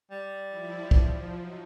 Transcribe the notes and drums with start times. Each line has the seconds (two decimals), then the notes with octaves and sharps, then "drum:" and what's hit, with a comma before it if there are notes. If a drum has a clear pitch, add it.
0.11 G3
0.46 F3 E4
0.91 F3, drum: kick
1.34 F#3 D#4